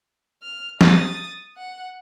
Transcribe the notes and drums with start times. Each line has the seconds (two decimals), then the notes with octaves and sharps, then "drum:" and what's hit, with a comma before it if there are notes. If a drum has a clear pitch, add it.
0.43 F6
0.81 D#6 A6, drum: snare
1.57 F#5